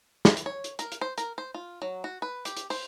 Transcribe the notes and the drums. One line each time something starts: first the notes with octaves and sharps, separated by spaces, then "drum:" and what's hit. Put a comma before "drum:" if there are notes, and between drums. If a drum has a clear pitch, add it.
E3, drum: snare
drum: hi-hat
C#5
drum: hi-hat
A#4, drum: hi-hat
drum: hi-hat
C5
A#4, drum: hi-hat
C5
F4
F#3
F#4
B4
G4, drum: hi-hat
drum: hi-hat
C5, drum: open hi-hat